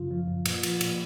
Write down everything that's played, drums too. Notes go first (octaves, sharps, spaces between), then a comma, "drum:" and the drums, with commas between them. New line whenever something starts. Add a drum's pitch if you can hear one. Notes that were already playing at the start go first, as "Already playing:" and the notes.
Already playing: F#2 C#3 F#3 F4
F3
F#2
A#2, drum: cymbal
F3, drum: cymbal
A#2, drum: cymbal